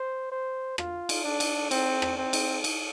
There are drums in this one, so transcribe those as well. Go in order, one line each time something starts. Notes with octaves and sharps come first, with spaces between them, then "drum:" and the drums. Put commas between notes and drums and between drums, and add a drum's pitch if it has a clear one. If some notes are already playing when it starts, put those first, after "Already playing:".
Already playing: C5
C5
F4, drum: rim click
drum: cymbal
D4
drum: cymbal
C4, drum: cymbal
drum: rim click
C4
drum: cymbal
drum: cymbal